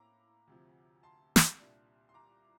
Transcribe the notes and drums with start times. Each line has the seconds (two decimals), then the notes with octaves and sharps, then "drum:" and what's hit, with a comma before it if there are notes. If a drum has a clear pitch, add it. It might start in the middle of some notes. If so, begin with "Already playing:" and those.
Already playing: A2 A#3 A#5 D6
0.47 D2 C3 F3
1.03 A5 C6
1.36 drum: snare
1.59 C2 A#2 G3 D4
2.09 C6
2.14 A#5 D6